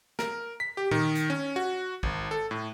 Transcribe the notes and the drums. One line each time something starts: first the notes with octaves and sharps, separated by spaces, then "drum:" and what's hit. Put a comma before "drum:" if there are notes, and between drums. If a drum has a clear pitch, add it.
A#4, drum: snare
B6
G4
D#3, drum: tom A#2
drum: hi-hat
C#4
F#4
G#1, drum: kick
A4
A2